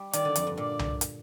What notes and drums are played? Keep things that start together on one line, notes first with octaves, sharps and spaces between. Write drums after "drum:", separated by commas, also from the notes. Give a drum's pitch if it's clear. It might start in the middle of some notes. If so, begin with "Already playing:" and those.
Already playing: G3
D#3 D5, drum: hi-hat
D3
F2, drum: hi-hat
G2
A#2 D5
drum: tom C2
drum: hi-hat